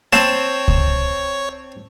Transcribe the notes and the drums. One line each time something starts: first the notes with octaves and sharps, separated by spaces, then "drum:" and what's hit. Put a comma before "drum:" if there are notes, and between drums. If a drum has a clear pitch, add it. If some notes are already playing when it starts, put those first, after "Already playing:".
C4 C5 C#5 A5, drum: rim click
drum: kick C#2